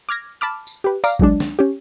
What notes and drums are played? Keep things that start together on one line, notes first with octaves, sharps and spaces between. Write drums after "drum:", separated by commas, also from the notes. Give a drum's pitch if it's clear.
D6 F6 G#6 A#6
A5 B5 D6 F6
drum: tambourine
G4 B4
D5 F5 A#5 D6, drum: tambourine
C#2 F#3 G#3 D4, drum: kick G#1
drum: snare
C#4 G4